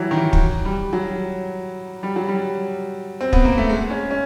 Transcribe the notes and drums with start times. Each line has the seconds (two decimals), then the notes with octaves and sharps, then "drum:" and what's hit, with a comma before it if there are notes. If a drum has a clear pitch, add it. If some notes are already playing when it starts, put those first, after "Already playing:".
Already playing: E3 F#3 G3
0.11 D#3
0.16 E3
0.33 drum: kick
0.65 G3
0.93 F#3
2.03 G3
2.16 F#3
2.28 G3
3.21 C4
3.33 B3, drum: kick
3.44 A#3
3.58 A3
3.69 G#3
3.90 C#4
4.11 C#4